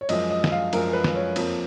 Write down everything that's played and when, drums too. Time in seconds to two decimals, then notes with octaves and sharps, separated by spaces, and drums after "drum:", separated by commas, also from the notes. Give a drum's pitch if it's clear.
0.01 C#5
0.09 F#2 F3 G#3 D#5, drum: cymbal
0.30 D#5
0.44 D#5, drum: snare
0.52 F5
0.73 F#2 F3 G#3 A#4, drum: cymbal
0.93 B4
1.04 drum: snare
1.15 C#5
1.36 F2 F3 A#3, drum: cymbal